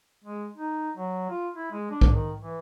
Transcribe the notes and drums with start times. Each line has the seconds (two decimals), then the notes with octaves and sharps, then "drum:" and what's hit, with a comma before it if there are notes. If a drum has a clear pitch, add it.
0.24 G#3
0.57 D#4
0.97 F#3
1.29 F4
1.56 E4
1.71 G#3
1.91 D4
2.01 drum: kick B1
2.13 D#3
2.42 E3